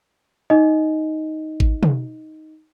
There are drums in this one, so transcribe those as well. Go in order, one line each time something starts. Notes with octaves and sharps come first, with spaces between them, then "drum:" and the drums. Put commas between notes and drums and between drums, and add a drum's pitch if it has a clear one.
D#4 D#5
drum: kick
drum: tom